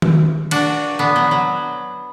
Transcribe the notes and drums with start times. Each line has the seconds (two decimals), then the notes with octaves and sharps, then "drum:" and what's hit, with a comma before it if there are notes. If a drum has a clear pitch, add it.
0.02 drum: tom D#3
0.51 D4 F#4, drum: cymbal
0.99 B3 D4
1.16 F#3
1.31 F#3